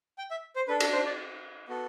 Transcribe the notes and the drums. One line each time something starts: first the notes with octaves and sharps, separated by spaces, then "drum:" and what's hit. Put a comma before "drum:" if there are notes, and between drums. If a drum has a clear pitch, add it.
G5
E5
C5
D4 A4 B4
A4, drum: cymbal
C5
D5
B3 F#4 A4